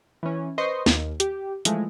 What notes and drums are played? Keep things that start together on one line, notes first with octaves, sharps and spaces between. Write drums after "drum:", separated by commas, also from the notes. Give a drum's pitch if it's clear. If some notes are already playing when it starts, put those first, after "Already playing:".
E3 C#4
B4 C5 D#5 C6 C#6
D#2 D#3, drum: snare
G4, drum: hi-hat
E3 F3 G#3 A3, drum: hi-hat